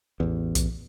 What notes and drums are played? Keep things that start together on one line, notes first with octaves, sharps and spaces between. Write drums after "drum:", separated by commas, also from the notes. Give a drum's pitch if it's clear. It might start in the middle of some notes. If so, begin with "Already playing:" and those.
A1 E2
drum: kick, hi-hat